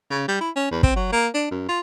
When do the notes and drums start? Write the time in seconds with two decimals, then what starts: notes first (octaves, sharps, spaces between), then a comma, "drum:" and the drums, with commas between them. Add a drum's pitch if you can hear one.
0.11 C#3
0.28 G3
0.41 E4
0.56 C#4
0.71 E2
0.83 C4, drum: kick
0.96 F#3
1.12 A#3
1.34 D4
1.51 F#2
1.68 F4